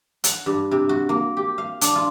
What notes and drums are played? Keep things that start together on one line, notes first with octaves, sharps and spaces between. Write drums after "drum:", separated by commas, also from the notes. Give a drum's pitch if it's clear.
F#5, drum: hi-hat
G2
C3
F#4
A#3
G4
F5
D4, drum: hi-hat
F4